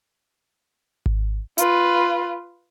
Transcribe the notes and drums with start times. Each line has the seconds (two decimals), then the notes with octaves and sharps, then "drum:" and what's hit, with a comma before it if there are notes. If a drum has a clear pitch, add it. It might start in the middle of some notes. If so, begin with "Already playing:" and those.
1.06 drum: kick G#1
1.58 F4 B4, drum: hi-hat